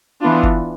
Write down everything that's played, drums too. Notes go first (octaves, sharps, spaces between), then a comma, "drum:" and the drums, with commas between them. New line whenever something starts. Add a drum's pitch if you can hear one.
E3 B3 D4 F4
drum: kick